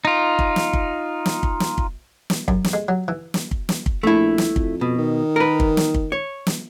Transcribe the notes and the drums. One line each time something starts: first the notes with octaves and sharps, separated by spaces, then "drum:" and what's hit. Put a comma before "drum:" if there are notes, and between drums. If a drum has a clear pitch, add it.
D#4 F4
drum: kick
drum: snare
drum: kick
drum: snare
drum: kick
drum: snare
drum: kick
drum: snare
F#2, drum: kick
drum: snare
G#3
F#3
E3
drum: snare
drum: kick
drum: snare
drum: kick
A#1 A3 E4
drum: snare
F2, drum: kick
B2
D#3
A#4 B4
drum: kick
drum: snare
drum: kick
C#5
drum: snare